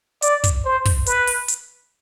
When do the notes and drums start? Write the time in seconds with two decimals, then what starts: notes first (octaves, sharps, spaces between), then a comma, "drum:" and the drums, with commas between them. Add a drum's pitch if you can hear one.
0.22 D5, drum: hi-hat
0.44 drum: kick, hi-hat
0.65 C5
0.85 drum: kick, open hi-hat
1.06 B4, drum: hi-hat
1.27 drum: open hi-hat
1.48 drum: hi-hat